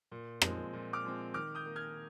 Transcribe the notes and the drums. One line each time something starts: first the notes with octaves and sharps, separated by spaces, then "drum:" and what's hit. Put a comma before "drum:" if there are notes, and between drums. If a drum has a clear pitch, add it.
A#2
F3 G#3 C4, drum: rim click
A#2
D6 F6
F3 G#3 C4
D#3 D6 F6
D#6 G6
A#3
F6 G#6